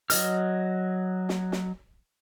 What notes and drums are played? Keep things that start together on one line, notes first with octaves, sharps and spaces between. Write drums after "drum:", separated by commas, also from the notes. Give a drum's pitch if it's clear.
F#3 D#5 F6, drum: hi-hat
drum: snare
drum: snare